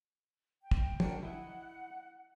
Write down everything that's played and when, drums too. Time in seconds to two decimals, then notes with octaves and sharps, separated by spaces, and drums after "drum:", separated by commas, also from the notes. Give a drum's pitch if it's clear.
0.62 G5
0.71 drum: kick
1.00 D4 F#4 A#4, drum: tom
1.23 E4 D#5 E5 F#5